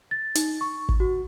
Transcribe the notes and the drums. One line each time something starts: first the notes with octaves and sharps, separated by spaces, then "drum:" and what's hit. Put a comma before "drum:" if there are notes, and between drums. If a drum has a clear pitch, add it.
A6
D#4, drum: hi-hat
C#6
drum: kick
F#4